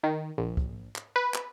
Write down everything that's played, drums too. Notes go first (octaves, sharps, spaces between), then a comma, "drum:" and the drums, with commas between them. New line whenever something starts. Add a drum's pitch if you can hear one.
D#3
A#1
drum: kick
drum: clap
B4
drum: clap